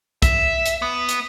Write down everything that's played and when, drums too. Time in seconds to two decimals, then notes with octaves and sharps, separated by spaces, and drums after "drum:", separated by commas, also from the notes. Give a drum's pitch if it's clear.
0.22 E5, drum: kick, hi-hat
0.66 drum: hi-hat
0.82 B3
1.09 drum: hi-hat